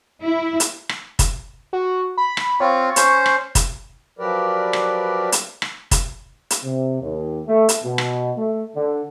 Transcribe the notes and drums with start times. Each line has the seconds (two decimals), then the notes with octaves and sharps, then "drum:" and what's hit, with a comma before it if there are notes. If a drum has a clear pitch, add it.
0.23 E4
0.60 drum: hi-hat
0.89 drum: rim click
1.19 drum: kick, hi-hat
1.73 F#4
2.18 B5
2.37 drum: rim click
2.60 C4 F4 C#5
2.96 C#4 C5, drum: hi-hat
3.26 drum: rim click
3.55 drum: kick, hi-hat
4.19 F3 F#3 G4 A#4 B4 D5
4.73 drum: rim click
5.32 drum: hi-hat
5.62 drum: rim click
5.91 drum: kick, hi-hat
6.50 drum: hi-hat
6.62 C3
7.01 D#2
7.46 A3
7.69 drum: hi-hat
7.83 B2
7.98 drum: rim click
8.36 A3
8.75 D3